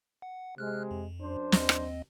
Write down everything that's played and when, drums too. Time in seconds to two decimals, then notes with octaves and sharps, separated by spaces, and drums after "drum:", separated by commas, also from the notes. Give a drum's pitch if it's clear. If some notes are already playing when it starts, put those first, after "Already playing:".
0.22 F#5
0.58 C3 G#3 F6 F#6
0.91 F2
1.21 F#2 D4 C5
1.52 D#2 C4 D#5, drum: snare
1.69 drum: rim click